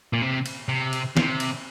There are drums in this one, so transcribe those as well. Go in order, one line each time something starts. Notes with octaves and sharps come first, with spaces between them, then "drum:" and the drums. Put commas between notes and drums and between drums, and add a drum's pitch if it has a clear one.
A#2
C3
drum: cymbal
C3
drum: cymbal
C3, drum: snare
drum: cymbal